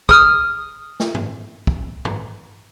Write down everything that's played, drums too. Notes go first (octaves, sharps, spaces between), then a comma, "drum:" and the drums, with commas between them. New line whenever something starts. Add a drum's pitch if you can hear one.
D#6 F6, drum: kick
drum: snare
drum: tom G2
drum: kick
drum: tom G2